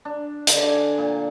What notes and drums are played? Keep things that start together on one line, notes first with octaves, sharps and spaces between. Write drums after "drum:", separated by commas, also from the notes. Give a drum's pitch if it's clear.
D4
D3, drum: hi-hat
G#5
A#2